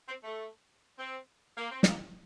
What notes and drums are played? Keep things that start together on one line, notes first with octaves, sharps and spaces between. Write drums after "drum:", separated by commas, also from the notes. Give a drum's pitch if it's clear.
C4
A3
C4
A#3
C4
A#3, drum: snare